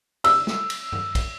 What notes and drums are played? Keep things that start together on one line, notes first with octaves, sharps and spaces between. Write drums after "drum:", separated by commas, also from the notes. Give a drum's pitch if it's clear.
E6, drum: cymbal
drum: snare
drum: cymbal
drum: tom G2
drum: kick, cymbal